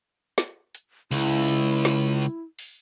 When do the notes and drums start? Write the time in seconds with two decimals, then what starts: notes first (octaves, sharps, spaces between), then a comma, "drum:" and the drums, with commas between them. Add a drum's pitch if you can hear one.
0.38 drum: snare
0.75 drum: hi-hat
1.11 C#2 E4, drum: open hi-hat
1.48 drum: hi-hat
1.85 drum: snare
2.22 drum: hi-hat
2.59 drum: open hi-hat